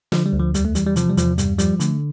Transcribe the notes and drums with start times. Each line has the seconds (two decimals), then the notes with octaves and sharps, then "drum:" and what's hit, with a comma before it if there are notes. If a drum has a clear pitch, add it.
0.12 D3 F3, drum: snare
0.26 G3
0.33 D2
0.40 F3
0.54 E2 G3, drum: hi-hat
0.65 A3
0.75 E3 G3, drum: hi-hat
0.86 G3
0.96 C3 F3, drum: hi-hat
1.10 G3
1.17 E2 F3, drum: hi-hat
1.38 G2 G3, drum: hi-hat
1.59 F3 G3, drum: hi-hat
1.80 D3 A3, drum: hi-hat